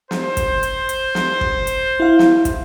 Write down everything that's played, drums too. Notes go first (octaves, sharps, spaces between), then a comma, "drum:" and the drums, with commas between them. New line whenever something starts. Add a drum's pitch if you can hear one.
C5, drum: snare
drum: kick, hi-hat
drum: hi-hat
drum: hi-hat
drum: snare
drum: kick
drum: hi-hat
E4 F5
drum: snare
drum: kick, hi-hat